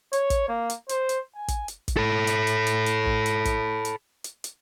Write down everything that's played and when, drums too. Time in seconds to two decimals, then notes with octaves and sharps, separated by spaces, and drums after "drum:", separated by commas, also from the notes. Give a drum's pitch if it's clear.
0.13 C#5, drum: hi-hat
0.30 drum: kick, hi-hat
0.49 A#3
0.70 drum: hi-hat
0.89 C5, drum: hi-hat
1.09 drum: hi-hat
1.35 G#5
1.48 drum: kick, hi-hat
1.68 drum: hi-hat
1.88 drum: kick, hi-hat
1.97 A4 B5
2.27 drum: hi-hat
2.47 drum: hi-hat
2.67 drum: hi-hat
2.86 drum: hi-hat
3.06 drum: kick
3.26 drum: hi-hat
3.45 drum: kick, hi-hat
3.85 drum: hi-hat
4.24 drum: hi-hat
4.44 drum: hi-hat